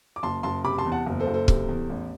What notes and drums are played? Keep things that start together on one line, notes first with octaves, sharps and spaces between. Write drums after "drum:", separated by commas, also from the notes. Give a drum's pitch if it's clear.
D6
F#1 A5 C6
F#1 A5 C6
C3 B5 D6
A5 C6
E2
F#5 A5
F#1
A4 C5
F#1
A4 C5
C3, drum: kick
E2
A1